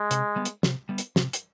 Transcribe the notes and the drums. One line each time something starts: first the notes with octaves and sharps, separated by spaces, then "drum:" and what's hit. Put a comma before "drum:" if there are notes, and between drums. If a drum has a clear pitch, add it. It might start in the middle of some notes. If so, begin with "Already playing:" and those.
Already playing: G#3
C3, drum: hi-hat
G3 B3
drum: hi-hat
C3, drum: snare
G3 B3
drum: hi-hat
C3, drum: snare
drum: hi-hat